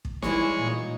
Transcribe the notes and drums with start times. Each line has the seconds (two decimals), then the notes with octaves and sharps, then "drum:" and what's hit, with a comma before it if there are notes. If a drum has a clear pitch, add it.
0.05 drum: kick
0.22 E3 G3 G#3 E4 C#5, drum: snare
0.58 A#2 D#4